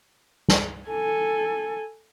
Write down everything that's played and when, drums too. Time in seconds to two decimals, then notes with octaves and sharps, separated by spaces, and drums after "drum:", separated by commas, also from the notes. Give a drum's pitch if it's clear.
0.48 drum: snare
0.89 A4 G#5